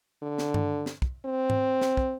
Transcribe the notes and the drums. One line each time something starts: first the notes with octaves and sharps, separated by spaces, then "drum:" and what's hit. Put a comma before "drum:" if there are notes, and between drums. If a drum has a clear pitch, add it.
D3
drum: snare
drum: tom G2
drum: snare
drum: kick
C4
drum: tom G#2
drum: snare
drum: kick